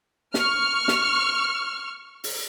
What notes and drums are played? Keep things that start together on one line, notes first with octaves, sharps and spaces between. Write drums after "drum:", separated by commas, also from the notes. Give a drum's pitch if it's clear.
C#6 F6, drum: snare
drum: snare
drum: open hi-hat